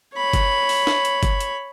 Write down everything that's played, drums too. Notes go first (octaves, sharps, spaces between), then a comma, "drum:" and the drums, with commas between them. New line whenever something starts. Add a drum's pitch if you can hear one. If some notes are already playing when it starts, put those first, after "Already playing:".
C#5 B5
drum: kick G1, hi-hat
drum: open hi-hat
drum: snare
drum: hi-hat
drum: kick G1, hi-hat
drum: hi-hat